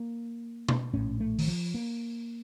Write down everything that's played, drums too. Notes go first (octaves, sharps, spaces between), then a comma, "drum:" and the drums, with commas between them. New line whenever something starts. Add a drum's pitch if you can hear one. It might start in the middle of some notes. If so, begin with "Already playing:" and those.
Already playing: A#3
drum: tom B2
A#1 A2 C#4
A3
D#3, drum: open hi-hat
F3
A#3